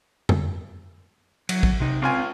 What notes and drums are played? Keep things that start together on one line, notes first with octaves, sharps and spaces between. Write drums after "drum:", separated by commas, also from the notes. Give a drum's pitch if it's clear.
drum: tom F2
F#3, drum: cymbal
drum: kick
C3 D#4
C#2 C4 F4 G#5